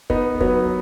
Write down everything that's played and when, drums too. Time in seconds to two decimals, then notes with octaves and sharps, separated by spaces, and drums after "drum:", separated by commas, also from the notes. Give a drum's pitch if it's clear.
0.10 B3 D#4, drum: kick
0.40 F#3 B3, drum: kick